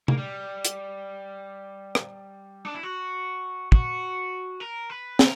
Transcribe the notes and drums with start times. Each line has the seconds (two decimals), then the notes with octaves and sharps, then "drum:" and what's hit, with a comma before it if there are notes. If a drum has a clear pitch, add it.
0.08 A#3, drum: tom C3
0.17 G3
0.65 drum: hi-hat
1.95 drum: rim click
2.65 D4
2.74 E4
2.83 F#4
3.72 F#4, drum: kick
4.60 A#4
4.90 B4
5.19 A#4, drum: snare